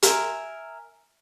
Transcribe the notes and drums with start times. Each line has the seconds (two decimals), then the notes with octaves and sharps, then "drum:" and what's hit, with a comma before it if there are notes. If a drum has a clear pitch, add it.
0.02 A#4 E5 G#5, drum: hi-hat